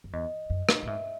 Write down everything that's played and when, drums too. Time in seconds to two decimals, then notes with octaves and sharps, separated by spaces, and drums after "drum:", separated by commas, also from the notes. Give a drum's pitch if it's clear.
0.04 F#2
0.13 E2 D#5
0.50 F#2
0.69 drum: rim click
0.83 A2
0.87 G#2 E5